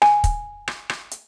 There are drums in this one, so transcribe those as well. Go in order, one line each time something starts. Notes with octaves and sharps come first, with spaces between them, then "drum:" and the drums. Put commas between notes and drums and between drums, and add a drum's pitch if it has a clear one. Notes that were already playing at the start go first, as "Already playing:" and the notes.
G#5, drum: rim click
drum: kick, hi-hat
drum: rim click
drum: rim click
drum: hi-hat